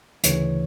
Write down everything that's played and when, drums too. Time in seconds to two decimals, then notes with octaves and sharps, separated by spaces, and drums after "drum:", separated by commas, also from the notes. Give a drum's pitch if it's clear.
0.24 D2 C#3 E3 C#5, drum: hi-hat